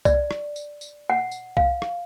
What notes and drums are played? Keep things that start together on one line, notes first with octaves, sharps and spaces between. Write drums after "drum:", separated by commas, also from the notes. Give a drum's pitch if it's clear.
D5, drum: kick C2, tambourine
drum: rim click
drum: tambourine
drum: tambourine
F#5
drum: tambourine
F5, drum: kick C2
drum: rim click